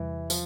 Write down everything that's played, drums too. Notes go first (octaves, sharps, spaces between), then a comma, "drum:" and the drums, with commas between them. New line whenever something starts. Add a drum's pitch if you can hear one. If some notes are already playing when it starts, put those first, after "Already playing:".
Already playing: E2 C3 E3 G3
F3, drum: tambourine